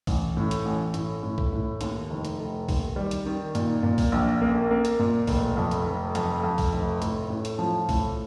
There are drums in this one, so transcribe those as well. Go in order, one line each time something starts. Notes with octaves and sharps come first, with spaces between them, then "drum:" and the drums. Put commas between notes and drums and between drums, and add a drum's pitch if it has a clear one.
A1, drum: kick, open hi-hat
A2
drum: hi-hat
A1
A2, drum: hi-hat
A2
drum: kick
A2
D#2, drum: hi-hat
F1
drum: hi-hat
F1
D#2, drum: kick, open hi-hat
G3
drum: hi-hat
D#3
A#2, drum: hi-hat
A#2
drum: kick, open hi-hat
A#1
A#3
A#3
drum: hi-hat
A#2
F1, drum: kick, open hi-hat
F2
drum: hi-hat
F1
F2, drum: hi-hat
F2
drum: kick, open hi-hat
F1
A2, drum: hi-hat
A2
drum: hi-hat
F3
A2, drum: kick, open hi-hat